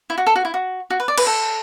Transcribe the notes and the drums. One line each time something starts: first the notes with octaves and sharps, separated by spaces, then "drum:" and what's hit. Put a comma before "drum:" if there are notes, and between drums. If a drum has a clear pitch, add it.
E4
F#4
A4
F#4
E4
F#4
F#4
B4
D5
B4, drum: cymbal
A4